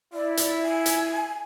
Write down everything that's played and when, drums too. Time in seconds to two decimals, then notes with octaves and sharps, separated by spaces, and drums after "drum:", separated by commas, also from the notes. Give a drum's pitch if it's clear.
0.13 E4 D5
0.37 drum: hi-hat
0.63 G#5
0.86 drum: hi-hat